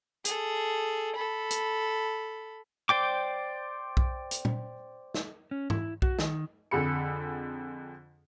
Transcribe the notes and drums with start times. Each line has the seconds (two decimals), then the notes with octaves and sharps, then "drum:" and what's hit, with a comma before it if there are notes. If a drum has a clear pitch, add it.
0.25 G#4 A4, drum: hi-hat
1.15 A4 B5
1.50 drum: hi-hat
2.89 C5 D5 G5 D6
3.97 drum: kick B1
4.31 drum: hi-hat
4.45 drum: tom
5.14 drum: snare
5.51 C#4
5.70 E4, drum: tom G#2
6.02 F#4, drum: kick B1
6.19 D#3, drum: snare
6.71 F2 D3 G#4 B5 C#7